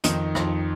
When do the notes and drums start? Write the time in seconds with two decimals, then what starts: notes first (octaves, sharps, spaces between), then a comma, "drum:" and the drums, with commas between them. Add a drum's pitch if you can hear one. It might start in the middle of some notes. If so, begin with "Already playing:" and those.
0.04 F2 D#3 D#4, drum: hi-hat
0.35 F2, drum: rim click